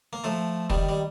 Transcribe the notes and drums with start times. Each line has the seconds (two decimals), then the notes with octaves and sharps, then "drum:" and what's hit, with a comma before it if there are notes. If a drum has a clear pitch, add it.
0.13 A#3
0.24 F3 A3
0.70 D#3 G3, drum: kick
0.89 G3